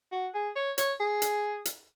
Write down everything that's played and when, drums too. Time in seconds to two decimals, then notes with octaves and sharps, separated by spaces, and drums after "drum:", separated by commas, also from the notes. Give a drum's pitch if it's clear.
0.12 F#4
0.34 G#4
0.56 C#5
0.78 C#5, drum: hi-hat
1.00 G#4
1.22 drum: hi-hat
1.65 drum: hi-hat